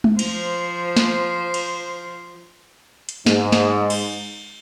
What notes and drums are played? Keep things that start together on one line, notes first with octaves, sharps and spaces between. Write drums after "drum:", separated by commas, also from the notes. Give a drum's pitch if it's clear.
drum: tom G#3
F3 C5, drum: cymbal
drum: snare
drum: cymbal
drum: hi-hat
G#2, drum: snare
drum: snare
drum: cymbal